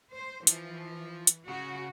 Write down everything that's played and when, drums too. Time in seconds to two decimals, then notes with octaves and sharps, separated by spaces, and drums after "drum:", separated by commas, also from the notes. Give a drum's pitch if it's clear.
0.14 C5
0.47 E3 F3, drum: hi-hat
1.27 drum: hi-hat
1.48 C#3 F#4